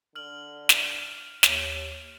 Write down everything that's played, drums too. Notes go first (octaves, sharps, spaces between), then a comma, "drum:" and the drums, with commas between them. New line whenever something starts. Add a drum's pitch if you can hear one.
D3 F6 F#7
drum: snare
D#2 C#5, drum: snare